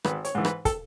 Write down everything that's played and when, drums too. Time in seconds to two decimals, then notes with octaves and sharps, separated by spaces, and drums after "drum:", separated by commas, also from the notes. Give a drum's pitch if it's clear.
0.04 G#1 B4, drum: rim click
0.25 C#5, drum: hi-hat
0.35 G#2 E3
0.45 B4, drum: rim click
0.65 A4, drum: kick, hi-hat